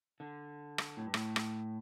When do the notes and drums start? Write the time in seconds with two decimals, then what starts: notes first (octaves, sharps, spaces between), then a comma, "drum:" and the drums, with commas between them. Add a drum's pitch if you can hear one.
0.20 D3
0.78 drum: rim click
0.97 A2
1.06 G2
1.14 A2, drum: rim click
1.36 drum: rim click